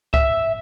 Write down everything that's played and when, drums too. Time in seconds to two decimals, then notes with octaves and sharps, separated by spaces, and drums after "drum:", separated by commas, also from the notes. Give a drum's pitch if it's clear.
0.14 E5, drum: kick C#2